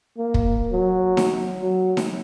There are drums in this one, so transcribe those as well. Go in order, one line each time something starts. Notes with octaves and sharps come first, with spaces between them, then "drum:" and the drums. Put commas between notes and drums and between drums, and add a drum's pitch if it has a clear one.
A#3
drum: kick
F#3
drum: snare D#4
F#3
drum: snare D#4